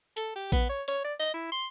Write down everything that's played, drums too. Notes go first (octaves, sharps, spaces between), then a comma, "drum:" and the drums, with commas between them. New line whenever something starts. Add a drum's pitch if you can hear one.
A4, drum: hi-hat
G4
B3, drum: kick A#1, hi-hat
C#5
C#5, drum: hi-hat
D5
D#5
E4
C6